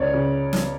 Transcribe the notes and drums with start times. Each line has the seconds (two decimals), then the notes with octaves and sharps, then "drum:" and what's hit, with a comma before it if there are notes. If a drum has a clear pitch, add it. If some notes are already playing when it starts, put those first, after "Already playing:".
Already playing: C#2 C#3 C#5 D5
0.14 C#3
0.53 drum: snare